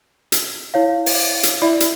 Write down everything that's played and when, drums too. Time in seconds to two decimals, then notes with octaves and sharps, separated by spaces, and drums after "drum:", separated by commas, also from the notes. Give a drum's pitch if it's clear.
0.32 drum: hi-hat
0.74 E4 C#5 F5
1.06 drum: open hi-hat
1.43 drum: hi-hat
1.62 E4 D5 E5
1.80 drum: hi-hat